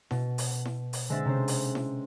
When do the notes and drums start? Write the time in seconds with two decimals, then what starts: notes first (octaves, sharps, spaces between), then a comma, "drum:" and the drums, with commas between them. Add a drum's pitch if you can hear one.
0.11 B2, drum: snare E4
0.38 drum: open hi-hat
0.65 drum: snare E4
0.93 drum: open hi-hat
1.09 D3 G#3 C4 E5 C6 A6
1.25 C3 C#4 C5
1.48 drum: open hi-hat
1.75 drum: snare E4